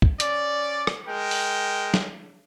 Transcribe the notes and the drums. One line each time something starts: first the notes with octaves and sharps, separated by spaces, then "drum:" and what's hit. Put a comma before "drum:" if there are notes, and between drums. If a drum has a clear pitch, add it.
drum: kick
C#4 D5, drum: hi-hat
drum: rim click
G#3 A#4 G5
drum: open hi-hat
drum: snare